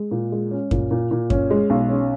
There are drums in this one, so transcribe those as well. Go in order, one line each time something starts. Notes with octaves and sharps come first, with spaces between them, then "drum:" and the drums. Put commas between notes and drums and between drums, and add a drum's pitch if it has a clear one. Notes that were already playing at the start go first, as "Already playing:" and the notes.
Already playing: G#3
A#2
G#3
C#4
A#2, drum: kick F#2
A#2
A#2
C#4, drum: kick F#2
G#3
B1
C#4